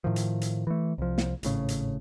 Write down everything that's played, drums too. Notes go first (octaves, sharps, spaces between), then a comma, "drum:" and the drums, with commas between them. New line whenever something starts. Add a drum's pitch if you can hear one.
A2 D#3 F3
drum: hi-hat
drum: hi-hat
E3 A3
C2 F3
drum: snare
G#1 A2 C#3, drum: hi-hat
drum: hi-hat